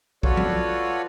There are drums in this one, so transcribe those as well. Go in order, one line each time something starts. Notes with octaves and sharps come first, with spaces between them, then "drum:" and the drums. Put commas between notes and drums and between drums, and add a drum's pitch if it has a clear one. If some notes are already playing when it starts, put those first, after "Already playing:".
F4 F#4 A4 B4 C#5 D5, drum: kick A#1
drum: tom F3